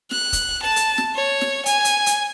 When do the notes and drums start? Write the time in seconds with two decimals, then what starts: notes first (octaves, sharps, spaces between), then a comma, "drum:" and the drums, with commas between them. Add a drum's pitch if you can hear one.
0.11 F#6, drum: snare
0.33 drum: kick, hi-hat
0.63 A5
0.76 drum: hi-hat
0.98 drum: snare
1.15 C#5
1.41 drum: snare
1.66 G#5, drum: hi-hat
1.85 drum: hi-hat
2.06 drum: hi-hat